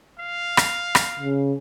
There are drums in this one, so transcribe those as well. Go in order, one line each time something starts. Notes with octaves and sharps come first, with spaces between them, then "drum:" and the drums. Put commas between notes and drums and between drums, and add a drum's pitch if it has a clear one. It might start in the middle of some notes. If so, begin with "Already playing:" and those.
F5
drum: rim click
drum: rim click
C#3